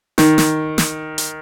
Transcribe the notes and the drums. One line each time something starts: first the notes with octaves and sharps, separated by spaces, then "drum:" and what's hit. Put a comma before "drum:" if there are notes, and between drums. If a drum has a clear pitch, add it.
D#3, drum: snare
drum: snare
drum: snare
drum: hi-hat